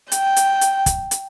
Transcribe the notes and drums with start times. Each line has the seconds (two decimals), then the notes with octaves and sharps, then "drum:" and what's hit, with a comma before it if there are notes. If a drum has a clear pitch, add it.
0.12 G5, drum: hi-hat
0.36 drum: hi-hat
0.61 drum: hi-hat
0.86 drum: kick, hi-hat
1.11 drum: hi-hat